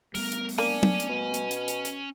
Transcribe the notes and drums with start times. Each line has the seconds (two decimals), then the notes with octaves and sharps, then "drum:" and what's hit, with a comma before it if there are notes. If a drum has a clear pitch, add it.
0.15 G3 A3 B3 A#4, drum: open hi-hat
0.32 drum: hi-hat
0.49 drum: open hi-hat
0.58 A#3 C#4 D4 G#5
0.83 drum: tom
1.00 drum: hi-hat
1.09 B2
1.34 drum: hi-hat
1.51 drum: hi-hat
1.68 drum: hi-hat
1.85 drum: hi-hat